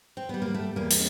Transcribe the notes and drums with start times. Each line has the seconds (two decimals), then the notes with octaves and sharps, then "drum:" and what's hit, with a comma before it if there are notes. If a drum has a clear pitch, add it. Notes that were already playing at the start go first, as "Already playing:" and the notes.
0.17 C4
0.29 G3 B3
0.42 A#3
0.54 A3
0.76 E2 A#3
0.91 drum: hi-hat